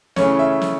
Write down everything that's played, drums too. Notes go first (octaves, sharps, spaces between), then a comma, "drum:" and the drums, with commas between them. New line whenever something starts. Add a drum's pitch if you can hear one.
C#3 E3 A3 C#4 C#5, drum: snare
E5
drum: snare